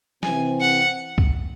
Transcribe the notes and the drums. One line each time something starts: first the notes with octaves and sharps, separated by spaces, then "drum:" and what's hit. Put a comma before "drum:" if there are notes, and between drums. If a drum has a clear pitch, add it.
C3 E3 C4 G#5, drum: snare
F#5
drum: kick C#2